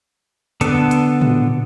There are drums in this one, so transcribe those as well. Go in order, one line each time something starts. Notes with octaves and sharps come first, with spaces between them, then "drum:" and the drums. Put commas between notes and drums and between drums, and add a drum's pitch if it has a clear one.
D3 B3 A4, drum: hi-hat
drum: hi-hat
drum: tom